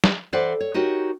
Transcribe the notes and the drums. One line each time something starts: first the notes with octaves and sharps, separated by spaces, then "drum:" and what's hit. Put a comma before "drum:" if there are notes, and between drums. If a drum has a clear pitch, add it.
drum: snare
E3 A4 C5 D5 E5 F#5
C#5
D#4 F#4 G4 A#4 C#5